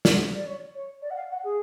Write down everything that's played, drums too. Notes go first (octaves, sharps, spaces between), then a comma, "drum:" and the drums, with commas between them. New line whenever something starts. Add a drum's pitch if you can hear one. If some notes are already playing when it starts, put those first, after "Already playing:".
drum: snare
D5
C#5
C#5
D5
F#5
F5
F#5
G#4